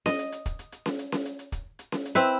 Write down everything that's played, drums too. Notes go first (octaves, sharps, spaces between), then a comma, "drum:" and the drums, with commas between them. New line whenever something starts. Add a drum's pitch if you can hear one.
D#5, drum: snare C#4
drum: hi-hat
drum: hi-hat
drum: kick, hi-hat
drum: hi-hat
drum: hi-hat
drum: snare C#4
drum: hi-hat
drum: snare C#4
drum: hi-hat
drum: hi-hat
drum: kick, hi-hat
drum: hi-hat
drum: snare C#4
drum: hi-hat
C4 E4 B4